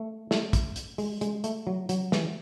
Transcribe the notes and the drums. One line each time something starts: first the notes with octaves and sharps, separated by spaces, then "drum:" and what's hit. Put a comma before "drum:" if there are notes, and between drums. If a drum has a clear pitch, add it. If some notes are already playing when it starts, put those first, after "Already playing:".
Already playing: A3
A3, drum: snare
drum: kick, hi-hat
drum: hi-hat
G#3, drum: open hi-hat
G#3, drum: hi-hat
A3, drum: hi-hat
F#3
F#3, drum: hi-hat
E3, drum: snare